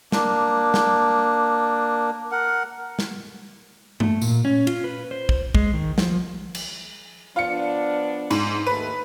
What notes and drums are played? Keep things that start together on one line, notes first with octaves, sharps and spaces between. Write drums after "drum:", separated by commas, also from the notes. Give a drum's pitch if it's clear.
A#3 D4, drum: snare
drum: snare
A#4 F#5
drum: snare
A3, drum: tom G2
A#2, drum: tambourine
C#4
F4, drum: cymbal
B4
C5
drum: kick
G#3, drum: kick
D#3
F3, drum: snare
drum: cymbal
F3 B3 D4 F4 C#7
G#2, drum: cymbal
D#2 A3 B4